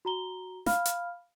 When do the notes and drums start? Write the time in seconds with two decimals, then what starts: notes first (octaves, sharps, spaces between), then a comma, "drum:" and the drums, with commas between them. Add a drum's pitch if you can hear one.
0.05 F#4 A#5 G7
0.66 F5 B5 F6, drum: snare
0.85 drum: hi-hat